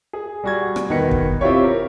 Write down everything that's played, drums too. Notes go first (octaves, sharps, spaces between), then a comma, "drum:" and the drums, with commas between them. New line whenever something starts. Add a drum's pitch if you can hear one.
G#4
G3 F#4 G#6
drum: rim click
E2 B2 D#3 B4 C#7
drum: kick
C4 E4 F4 G4 C#5
A#4